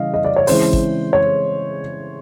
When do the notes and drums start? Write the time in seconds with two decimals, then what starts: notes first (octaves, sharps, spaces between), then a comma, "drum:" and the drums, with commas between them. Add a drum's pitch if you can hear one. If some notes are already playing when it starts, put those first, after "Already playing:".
Already playing: C#3 E3 G3 D#5 F5
0.14 D#5
0.24 D5
0.36 C#5
0.47 C#3 E3 G#3 C4 E4 C5, drum: open hi-hat
0.73 drum: kick G#1
1.13 C#5